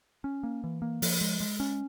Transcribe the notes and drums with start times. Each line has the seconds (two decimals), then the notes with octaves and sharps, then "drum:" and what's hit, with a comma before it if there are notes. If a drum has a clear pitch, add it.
0.24 C#4
0.43 A#3
0.64 E3
0.82 A#3
1.02 F3, drum: open hi-hat
1.21 G#3
1.40 G#3
1.60 C#4